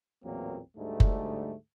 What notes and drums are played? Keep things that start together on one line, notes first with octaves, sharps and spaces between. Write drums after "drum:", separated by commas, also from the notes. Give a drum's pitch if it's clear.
A1 E2 A#2 F#3 A#3 C4
D2 G#2 D3 G3 A3
drum: kick F#1